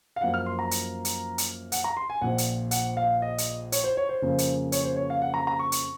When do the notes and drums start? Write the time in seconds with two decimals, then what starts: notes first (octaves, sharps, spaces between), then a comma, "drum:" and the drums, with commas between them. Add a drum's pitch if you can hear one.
0.16 F5
0.21 F#2 F3 A#3 F#5
0.34 F6
0.46 C6
0.59 A#5
0.71 drum: hi-hat
1.05 drum: hi-hat
1.38 drum: hi-hat
1.72 F#5, drum: hi-hat
1.84 A#5
1.97 C6
2.10 G#5
2.21 A#1 A#2 F3 C4 F#5
2.38 drum: hi-hat
2.71 F#5, drum: hi-hat
2.97 F5
3.22 D#5
3.38 drum: hi-hat
3.72 C#5, drum: hi-hat
3.84 C5
3.97 C#5
4.09 C5
4.22 F2 C#3 F3 A#3
4.38 drum: hi-hat
4.72 C#5, drum: hi-hat
4.84 C5
4.96 C#5
5.10 F5
5.22 F#5
5.34 A#5
5.47 A#5
5.59 C#6
5.72 drum: hi-hat